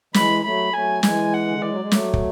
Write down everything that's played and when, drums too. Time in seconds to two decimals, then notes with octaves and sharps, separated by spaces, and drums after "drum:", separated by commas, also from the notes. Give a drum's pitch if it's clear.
0.14 E3 G#3 B5, drum: snare
0.44 F#3 A3 B5
0.73 F#3 A3 G#5
1.03 E3 G#3 G#5, drum: snare
1.33 F#5
1.47 D3
1.58 E3 D5
1.70 F#3
1.81 G#3
1.92 F#3 A3, drum: snare
2.13 drum: kick